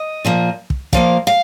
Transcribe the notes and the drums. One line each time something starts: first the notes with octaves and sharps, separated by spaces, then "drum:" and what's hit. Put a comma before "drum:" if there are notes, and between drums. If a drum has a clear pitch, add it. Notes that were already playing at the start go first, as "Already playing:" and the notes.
Already playing: D#5
A#2 F3 A#3
drum: kick
A#2 F3 A#3 F5, drum: kick
F5